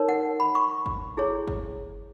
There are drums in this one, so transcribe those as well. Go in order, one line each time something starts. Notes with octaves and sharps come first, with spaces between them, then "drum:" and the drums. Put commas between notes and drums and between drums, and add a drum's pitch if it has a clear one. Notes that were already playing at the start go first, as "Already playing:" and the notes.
Already playing: D#4 A#4 C#5
F#5
B5
C#6
drum: kick
E4 G#4 C#5
drum: kick